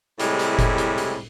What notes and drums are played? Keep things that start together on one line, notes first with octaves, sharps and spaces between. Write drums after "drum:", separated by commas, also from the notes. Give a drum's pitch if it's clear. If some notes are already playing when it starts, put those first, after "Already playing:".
A2 C3 G3 G#3 E4, drum: hi-hat
drum: hi-hat
drum: kick F#1, hi-hat
drum: hi-hat
drum: hi-hat